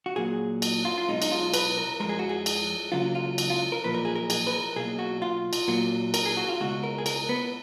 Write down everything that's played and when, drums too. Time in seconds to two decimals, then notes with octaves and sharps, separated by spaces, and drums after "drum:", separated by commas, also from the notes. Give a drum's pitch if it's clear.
0.06 F#4
0.16 A#2 F#3 A#3 G#4
0.62 drum: cymbal
0.85 F4
0.98 F4
1.08 B1 B2 G#3 D#4
1.22 D#4, drum: cymbal
1.31 F4
1.54 B4, drum: cymbal
1.77 A#4
2.00 F2 F3 G#3 A#4
2.09 G#4
2.19 F#4
2.29 G#4
2.46 drum: cymbal
2.92 C#2 C#3 F#3 A#3 F4
3.15 F4
3.38 drum: cymbal
3.50 F4
3.72 A#4
3.84 B1 A#2 F3 B4
3.94 A#4
4.05 G#4
4.16 A#4
4.30 G#4, drum: cymbal
4.47 B4
4.53 A#4
4.76 B1 B2 A#3 G#4
4.99 F#4
5.22 F4
5.53 drum: cymbal
5.68 A#2 F#3 A#3
6.14 A#4, drum: cymbal
6.26 G#4
6.37 F#4
6.49 F4
6.60 C#2 B2 G#3 F#4
6.84 A#4
6.98 G#4
7.06 A#4, drum: cymbal
7.29 B3